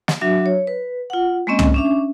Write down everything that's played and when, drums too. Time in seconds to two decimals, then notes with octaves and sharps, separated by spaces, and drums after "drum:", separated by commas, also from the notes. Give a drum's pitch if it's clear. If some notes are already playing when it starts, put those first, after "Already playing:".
0.08 drum: snare
0.21 F#3 D4 F#4 E5
0.46 C#5
0.67 B4
1.10 F4 F#5
1.47 G#3 A#3 C4 C#4 D#5
1.59 drum: tom
1.74 C#4 D4 E5